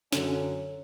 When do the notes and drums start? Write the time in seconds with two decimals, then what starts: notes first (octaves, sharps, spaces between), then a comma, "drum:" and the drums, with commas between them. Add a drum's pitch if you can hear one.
0.13 F#2 D3 F#3 C#4, drum: snare